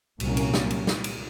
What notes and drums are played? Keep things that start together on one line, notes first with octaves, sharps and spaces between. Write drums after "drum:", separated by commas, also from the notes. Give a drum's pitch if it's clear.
C2 A#2 F#3 A#3 C#4, drum: cymbal
drum: cymbal
drum: snare
drum: cymbal
drum: snare
drum: cymbal